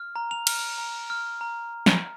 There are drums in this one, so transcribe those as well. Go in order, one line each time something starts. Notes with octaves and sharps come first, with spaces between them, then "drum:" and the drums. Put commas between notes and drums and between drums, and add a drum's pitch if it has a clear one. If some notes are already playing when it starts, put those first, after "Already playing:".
Already playing: F6
A#5
F7
F6, drum: cymbal
A#5
F6
A#5
drum: snare